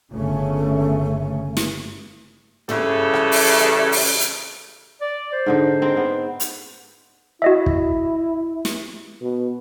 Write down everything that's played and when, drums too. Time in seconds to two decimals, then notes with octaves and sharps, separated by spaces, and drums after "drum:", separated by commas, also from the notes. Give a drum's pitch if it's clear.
0.12 G1 C#3 A3 C#4
1.57 drum: snare
2.69 C#3 E3 G3 A4, drum: tom
3.14 drum: rim click
3.32 drum: open hi-hat
3.92 drum: open hi-hat
4.20 drum: hi-hat
5.01 D5
5.32 C5
5.46 G#2 D3 D#4
5.82 C4 G#4 A#4
5.97 B3
6.40 drum: hi-hat
7.42 E4 F#4 D#5 E5
7.66 drum: kick
8.65 drum: snare
9.22 B2